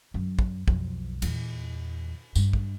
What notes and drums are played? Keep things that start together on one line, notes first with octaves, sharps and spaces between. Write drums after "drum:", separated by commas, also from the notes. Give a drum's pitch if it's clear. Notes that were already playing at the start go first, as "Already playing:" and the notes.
F#2
drum: kick
B1 F2, drum: kick
E2 A#2, drum: cymbal
G2, drum: tambourine
drum: kick